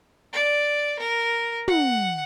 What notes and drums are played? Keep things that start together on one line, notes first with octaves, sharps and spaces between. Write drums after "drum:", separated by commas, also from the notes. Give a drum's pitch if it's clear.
D5
A#4
F#5, drum: tom